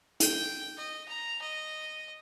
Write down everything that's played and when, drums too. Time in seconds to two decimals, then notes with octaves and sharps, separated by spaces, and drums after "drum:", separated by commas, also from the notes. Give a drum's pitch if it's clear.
0.20 G5, drum: hi-hat
0.77 D#5
1.08 A#5
1.42 D#5